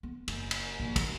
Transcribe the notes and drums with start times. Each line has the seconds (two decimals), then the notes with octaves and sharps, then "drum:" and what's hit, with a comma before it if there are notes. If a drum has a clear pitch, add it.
0.03 B3
0.28 F#1, drum: cymbal
0.51 drum: cymbal
0.80 A#1
0.96 D#3, drum: kick, cymbal